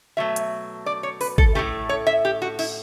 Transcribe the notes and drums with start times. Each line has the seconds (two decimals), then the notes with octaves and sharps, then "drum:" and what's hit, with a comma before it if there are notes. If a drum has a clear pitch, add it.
0.17 B2 F#3 A3 E5
0.36 drum: hi-hat
0.86 D5
1.03 C#5
1.21 B4, drum: open hi-hat
1.38 A4, drum: kick G#1
1.55 A2 E3 A3 G4
1.89 C#5
2.07 E5
2.25 G4
2.42 F#4
2.59 E4, drum: cymbal